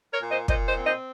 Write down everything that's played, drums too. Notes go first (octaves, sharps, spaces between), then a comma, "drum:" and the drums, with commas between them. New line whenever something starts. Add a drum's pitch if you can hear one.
A#4 C#5
A#2
C5 D#5
A#2 C5 D#5, drum: kick
C5 D#5
C4
C5 D#5